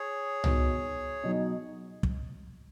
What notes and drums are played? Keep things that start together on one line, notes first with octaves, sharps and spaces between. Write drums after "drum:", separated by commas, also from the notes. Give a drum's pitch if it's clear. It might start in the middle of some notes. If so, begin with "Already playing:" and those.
Already playing: G#4 C#5
B3 D#4 F#4, drum: tom C2
B2 F#3 D#4
drum: kick